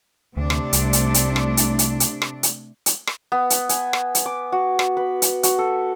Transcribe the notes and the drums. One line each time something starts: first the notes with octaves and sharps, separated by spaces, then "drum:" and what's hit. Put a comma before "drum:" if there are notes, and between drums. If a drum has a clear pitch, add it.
D2 C3 A3 D4
drum: rim click
C2, drum: hi-hat
drum: hi-hat
drum: hi-hat
drum: rim click
drum: hi-hat
drum: hi-hat
drum: hi-hat
drum: rim click
drum: hi-hat
drum: hi-hat
drum: rim click
B3
drum: hi-hat
G#5, drum: hi-hat
drum: rim click
drum: hi-hat
D6
F#4
drum: rim click
B4
drum: hi-hat
F#4, drum: hi-hat
A4